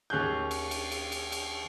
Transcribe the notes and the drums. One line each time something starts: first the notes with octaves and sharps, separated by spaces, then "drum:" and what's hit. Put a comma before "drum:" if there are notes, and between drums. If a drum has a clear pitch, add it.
D#2 C#4 G#4 F#6 G6
drum: cymbal
drum: cymbal
drum: cymbal
drum: cymbal
drum: cymbal